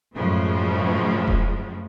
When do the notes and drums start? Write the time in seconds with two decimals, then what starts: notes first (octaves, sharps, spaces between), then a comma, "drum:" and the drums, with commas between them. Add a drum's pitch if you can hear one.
0.15 F#2 A2 C#3 F3 G#3
1.28 drum: kick E1